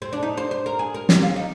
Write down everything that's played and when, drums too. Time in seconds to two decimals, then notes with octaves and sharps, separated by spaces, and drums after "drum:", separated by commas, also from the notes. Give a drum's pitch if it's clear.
0.02 C4
0.13 D4
0.23 D#4
0.37 C5
0.51 C5
0.66 A#4
0.79 G#4
0.94 A#4
1.09 G4, drum: snare
1.22 F4
1.36 D#4